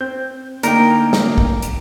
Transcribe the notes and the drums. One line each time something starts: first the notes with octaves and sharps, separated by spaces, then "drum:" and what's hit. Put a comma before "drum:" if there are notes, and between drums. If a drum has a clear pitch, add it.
C4 G6
D3 A3 A#3 D4 D#4 A#4 G5, drum: hi-hat
drum: snare
drum: kick
drum: hi-hat